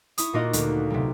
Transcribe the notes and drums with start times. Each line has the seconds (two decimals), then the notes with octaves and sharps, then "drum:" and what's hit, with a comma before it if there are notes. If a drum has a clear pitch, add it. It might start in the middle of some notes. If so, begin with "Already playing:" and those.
0.18 E4 C#6 D#6, drum: hi-hat
0.33 A#2 A#3 D#4 F4 F#4 D#5
0.53 D2 D3, drum: hi-hat
0.90 B1 C3